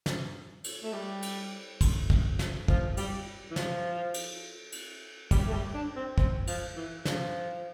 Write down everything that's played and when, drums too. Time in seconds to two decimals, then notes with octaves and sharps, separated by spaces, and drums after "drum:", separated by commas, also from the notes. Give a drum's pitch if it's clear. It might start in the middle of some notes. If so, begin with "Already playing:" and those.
0.06 drum: snare
0.64 drum: cymbal
0.83 A3
0.93 G3
1.22 drum: cymbal
1.81 drum: kick, cymbal
2.10 drum: kick
2.39 drum: snare
2.68 F3, drum: kick
2.97 G3, drum: cymbal
3.51 E3
3.56 F3, drum: snare
4.14 drum: cymbal
4.72 drum: cymbal
5.31 G3, drum: kick, cymbal
5.48 A3
5.53 G3
5.74 D4
5.96 C4
6.18 C4, drum: kick
6.47 F3, drum: cymbal
6.76 E3
7.05 F3, drum: snare